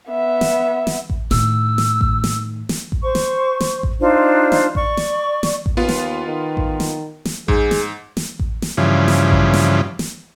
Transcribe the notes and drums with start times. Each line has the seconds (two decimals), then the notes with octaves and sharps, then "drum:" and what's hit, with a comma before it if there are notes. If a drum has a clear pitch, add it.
0.10 B3 E5
0.41 drum: snare
0.87 drum: snare
1.10 drum: kick A1
1.31 A2 D#3 E6, drum: snare
1.78 drum: snare
2.01 drum: kick A1
2.24 drum: snare
2.69 drum: snare
2.92 drum: kick A1
3.03 C5 C#6
3.15 drum: snare
3.60 drum: snare
3.83 drum: kick A1
4.01 D4 D#4 F4 C5
4.52 drum: snare
4.75 D5 C#6, drum: kick A1
4.97 drum: snare
5.43 drum: snare
5.66 drum: kick A1
5.77 D#2 B3 F4
5.89 drum: snare
6.26 D#3
6.57 drum: kick A1
6.80 drum: snare
7.25 drum: snare
7.48 G#2 G#4, drum: kick A1
7.71 drum: snare
8.17 drum: snare
8.39 drum: kick A1
8.62 drum: snare
8.77 G2 C#3 E3 F3
9.08 drum: snare
9.31 drum: kick A1
9.54 drum: snare
9.99 drum: snare